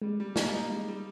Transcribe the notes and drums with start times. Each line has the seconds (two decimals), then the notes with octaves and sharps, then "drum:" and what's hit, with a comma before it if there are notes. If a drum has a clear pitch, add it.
0.02 G3 G#3
0.20 G3
0.36 A#3, drum: snare
0.53 D#4
0.70 G3 G#3
0.88 G3